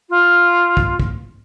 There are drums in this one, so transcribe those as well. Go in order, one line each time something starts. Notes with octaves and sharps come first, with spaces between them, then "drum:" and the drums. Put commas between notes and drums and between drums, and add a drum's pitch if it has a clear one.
F4
drum: kick
drum: kick